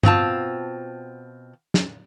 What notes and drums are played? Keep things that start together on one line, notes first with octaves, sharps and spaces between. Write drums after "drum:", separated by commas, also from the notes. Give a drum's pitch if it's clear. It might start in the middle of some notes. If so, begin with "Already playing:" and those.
B2 C4 F4 A5, drum: tom G2
drum: snare